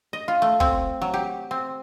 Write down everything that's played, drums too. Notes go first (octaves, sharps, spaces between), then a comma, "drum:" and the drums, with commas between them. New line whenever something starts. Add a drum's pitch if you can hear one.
D#5
F4
A3
C4, drum: kick
F#3
G4
C4